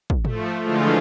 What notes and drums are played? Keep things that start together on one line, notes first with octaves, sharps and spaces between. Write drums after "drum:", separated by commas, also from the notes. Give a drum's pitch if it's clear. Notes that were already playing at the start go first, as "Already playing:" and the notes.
drum: kick
F3 A3, drum: tom
D3 E3 F3 G#3 A3 F4